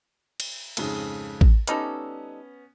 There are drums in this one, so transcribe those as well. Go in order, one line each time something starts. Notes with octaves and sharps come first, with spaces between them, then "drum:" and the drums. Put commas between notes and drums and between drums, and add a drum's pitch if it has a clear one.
drum: cymbal
F2 G#2 C#3, drum: cymbal
drum: kick A1
G3 B3 C#4 D#4 A4, drum: hi-hat